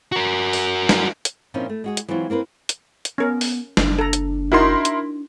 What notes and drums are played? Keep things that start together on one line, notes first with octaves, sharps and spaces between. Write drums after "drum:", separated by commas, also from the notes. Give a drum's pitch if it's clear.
F#4 A#4
drum: open hi-hat
drum: snare
drum: hi-hat
A#2 F3 C4 C#4 D#4 E4
A3
G#3 F#4 G#4
drum: hi-hat
E3 F#3 G#3 C4 F4 F#4
A#3 C4 A#4 B4
drum: hi-hat
drum: hi-hat
B3 C#4 A#4
drum: open hi-hat
F#1 D4, drum: snare
A4 A#5
drum: hi-hat
D#4 E4 F#4 A#4 C6
drum: hi-hat